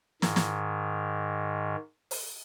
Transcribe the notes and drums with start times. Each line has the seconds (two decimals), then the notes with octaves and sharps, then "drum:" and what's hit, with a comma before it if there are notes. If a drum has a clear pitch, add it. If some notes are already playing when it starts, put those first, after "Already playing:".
0.22 G#2 D#3, drum: snare
0.36 drum: snare
2.11 drum: open hi-hat